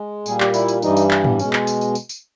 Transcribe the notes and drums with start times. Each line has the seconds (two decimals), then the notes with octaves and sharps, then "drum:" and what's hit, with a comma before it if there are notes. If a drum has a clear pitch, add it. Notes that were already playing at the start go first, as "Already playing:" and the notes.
Already playing: G#3
0.26 A#2 G3 G#4, drum: tambourine
0.40 G4, drum: clap
0.54 E4, drum: tambourine
0.68 drum: tambourine
0.82 G2 E3 G3 D#4, drum: tambourine
0.97 drum: tambourine
1.11 drum: clap
1.24 B3, drum: tom
1.39 B2 G#3 C#4, drum: tambourine
1.53 drum: clap
1.67 drum: tambourine
1.81 drum: tambourine
1.95 drum: tambourine
2.09 drum: tambourine